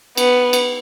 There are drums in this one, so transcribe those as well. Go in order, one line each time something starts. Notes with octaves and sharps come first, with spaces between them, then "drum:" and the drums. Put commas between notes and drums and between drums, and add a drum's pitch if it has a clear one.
B3, drum: cymbal
drum: cymbal